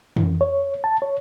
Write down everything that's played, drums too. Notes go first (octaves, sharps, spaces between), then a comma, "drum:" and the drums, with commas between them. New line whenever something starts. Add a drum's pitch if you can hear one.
E3, drum: tom F2
C#5
A5
C#5